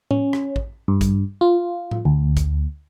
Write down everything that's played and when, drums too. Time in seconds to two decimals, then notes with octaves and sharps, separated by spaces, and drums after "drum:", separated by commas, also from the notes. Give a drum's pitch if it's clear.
0.11 C#4, drum: tom A2
0.33 drum: rim click
0.56 drum: kick
0.88 G2
1.01 drum: kick, hi-hat
1.41 F4
1.91 drum: tom A2
2.05 D2
2.37 drum: kick, hi-hat